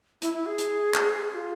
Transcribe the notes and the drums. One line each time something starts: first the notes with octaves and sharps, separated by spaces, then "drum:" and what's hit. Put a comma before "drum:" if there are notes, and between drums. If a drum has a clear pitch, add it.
E4, drum: hi-hat
E4
G#4
drum: hi-hat
drum: clap
G#4
F4